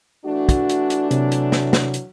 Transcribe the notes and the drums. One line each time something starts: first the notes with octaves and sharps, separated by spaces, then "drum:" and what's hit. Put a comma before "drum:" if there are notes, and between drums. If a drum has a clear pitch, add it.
E3 A3 D4 F#4
drum: kick, hi-hat
drum: hi-hat
drum: hi-hat
C3 F#3, drum: hi-hat
drum: hi-hat
drum: snare
drum: snare
drum: hi-hat